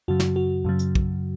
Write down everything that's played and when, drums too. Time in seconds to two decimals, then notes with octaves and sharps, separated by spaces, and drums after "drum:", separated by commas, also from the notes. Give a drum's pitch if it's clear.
0.08 F#2 C#3 F#3 F#4
0.20 drum: snare
0.36 F#4
0.65 F#2 C#3 F#3
0.79 drum: hi-hat
0.95 drum: kick